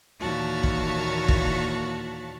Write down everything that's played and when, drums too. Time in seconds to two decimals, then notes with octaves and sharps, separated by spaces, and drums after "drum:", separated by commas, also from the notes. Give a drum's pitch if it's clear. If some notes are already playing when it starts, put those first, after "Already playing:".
0.20 D#2 A#2 E3 F#4 C#5 A5
0.63 drum: kick
1.28 drum: kick